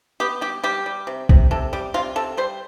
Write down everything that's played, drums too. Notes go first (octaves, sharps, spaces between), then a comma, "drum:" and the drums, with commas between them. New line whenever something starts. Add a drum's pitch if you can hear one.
B3 G4
G3 G4
G3 G4
G3
C3
C3, drum: kick B1
C3 A4
G3 G4
C3 F4
C3 A4
G3 C5